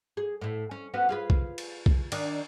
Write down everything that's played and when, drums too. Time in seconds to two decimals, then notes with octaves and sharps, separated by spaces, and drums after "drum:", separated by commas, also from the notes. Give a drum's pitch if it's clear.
0.17 G#4
0.41 A2 E4
0.71 C#4
0.94 B3 C#4 F#4
1.09 F4 G#4 B4
1.30 drum: kick
1.58 drum: cymbal
1.86 drum: kick
2.12 D#3 D4, drum: cymbal